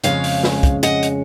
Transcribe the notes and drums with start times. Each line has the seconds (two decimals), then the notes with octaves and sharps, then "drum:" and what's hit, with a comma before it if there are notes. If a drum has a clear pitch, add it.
0.04 F2 C#3 G#3 C#4 C#5 F5, drum: hi-hat
0.24 drum: open hi-hat
0.44 drum: snare
0.63 drum: kick, hi-hat
0.83 D#5 F#5, drum: hi-hat
1.03 drum: hi-hat